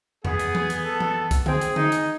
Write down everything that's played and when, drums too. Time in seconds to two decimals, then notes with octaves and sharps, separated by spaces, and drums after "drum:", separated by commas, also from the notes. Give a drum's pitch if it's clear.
0.25 B3 G#4, drum: tom E2
0.40 drum: hi-hat
0.55 drum: tom E3
0.70 drum: hi-hat
0.85 A4
1.01 drum: tom E3
1.31 drum: kick C2, hi-hat
1.46 C4 G#4, drum: tom D3
1.61 drum: hi-hat
1.76 D#4, drum: tom D3
1.92 drum: hi-hat